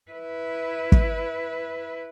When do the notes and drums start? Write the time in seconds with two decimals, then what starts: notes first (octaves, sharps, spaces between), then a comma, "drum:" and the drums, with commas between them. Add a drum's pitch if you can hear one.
0.11 E4 B4
0.92 drum: kick